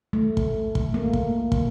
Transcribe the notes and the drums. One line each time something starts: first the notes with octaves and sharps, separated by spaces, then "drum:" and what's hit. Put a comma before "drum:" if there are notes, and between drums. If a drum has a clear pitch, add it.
A3
drum: kick
drum: kick
A#3
drum: kick
drum: kick